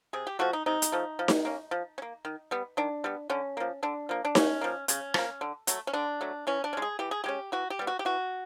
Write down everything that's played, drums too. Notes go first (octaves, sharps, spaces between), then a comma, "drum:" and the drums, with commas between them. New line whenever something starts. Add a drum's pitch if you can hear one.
C3 G#4
G4
F3 A3 F#4
D#4
C3 D#4
drum: hi-hat
F3 A3
F3
drum: snare D#4
A#3 C#4
F3
C#4
A#3
D#3
G3 B3
D#3 D4
G3 B3
D3 C#4
F3 A#3
D3 D4
F3 A#3
D4
C#3 C#4, drum: snare D#4
F3 A#3
C#3 C#4, drum: hi-hat
F3 A#3, drum: rim click
D3
F#3 A3, drum: hi-hat
C#4
D3 D4
F#3 A3
E3 C#4
D4
G#3 C#4
G#4
E3 G4
G#4
G#3 C#4 G4
E3 F#4
G4
G3 B3
F#4
G4
E3 F#4